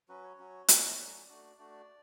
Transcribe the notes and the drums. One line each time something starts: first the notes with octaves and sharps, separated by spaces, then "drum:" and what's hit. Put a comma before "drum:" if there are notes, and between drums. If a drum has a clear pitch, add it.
F#3 C#4 F#4 B4
C#5
F#3 C#4 F#4
F#3 A3 C#4 F#4, drum: hi-hat
F#3 A3 C#4 F#4 D5
A3 D4 F#4
A3 D4 F#4 D5